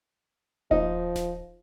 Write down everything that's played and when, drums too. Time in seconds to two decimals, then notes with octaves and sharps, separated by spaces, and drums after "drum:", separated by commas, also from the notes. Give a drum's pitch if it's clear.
0.71 F3 D#4, drum: kick D#1
1.16 drum: snare D#1